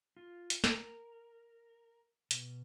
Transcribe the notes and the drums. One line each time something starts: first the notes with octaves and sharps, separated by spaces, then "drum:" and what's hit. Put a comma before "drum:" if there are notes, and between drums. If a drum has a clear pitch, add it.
F4
drum: hi-hat
A#4, drum: snare
B2, drum: hi-hat